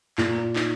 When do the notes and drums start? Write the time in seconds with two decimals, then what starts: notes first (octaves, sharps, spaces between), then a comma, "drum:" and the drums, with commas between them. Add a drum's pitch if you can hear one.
0.18 A#2, drum: clap
0.56 D#4, drum: clap